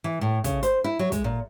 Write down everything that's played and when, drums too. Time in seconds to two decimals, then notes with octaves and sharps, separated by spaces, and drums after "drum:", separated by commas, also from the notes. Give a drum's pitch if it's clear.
0.04 E3
0.21 A2
0.44 C#3, drum: kick, hi-hat
0.63 C5, drum: hi-hat
0.84 E4
0.99 F#3
1.12 G#3, drum: kick, hi-hat
1.24 A#2